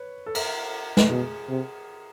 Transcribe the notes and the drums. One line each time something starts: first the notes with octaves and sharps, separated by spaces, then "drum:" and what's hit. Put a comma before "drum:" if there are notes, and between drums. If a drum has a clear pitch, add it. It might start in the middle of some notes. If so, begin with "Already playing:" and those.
Already playing: B4 C#5
A4
A#4, drum: cymbal
drum: snare
B2 G#4
C3